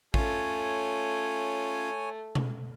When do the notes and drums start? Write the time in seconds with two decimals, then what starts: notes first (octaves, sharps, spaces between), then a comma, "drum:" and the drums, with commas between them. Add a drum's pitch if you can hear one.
0.14 A3 C#4 F4 C#5 G#5, drum: kick
2.35 drum: tom B2